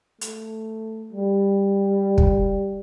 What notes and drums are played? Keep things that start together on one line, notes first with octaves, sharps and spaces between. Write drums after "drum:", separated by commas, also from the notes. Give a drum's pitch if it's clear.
A3, drum: hi-hat
G3
drum: kick